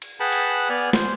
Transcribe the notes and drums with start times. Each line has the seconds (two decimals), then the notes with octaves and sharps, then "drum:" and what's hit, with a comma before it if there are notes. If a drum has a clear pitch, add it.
0.02 drum: cymbal
0.20 G#4 B4 F#5 G5 A5 B5
0.32 drum: cymbal
0.69 B3 D5 G#5 F6
0.93 C5, drum: snare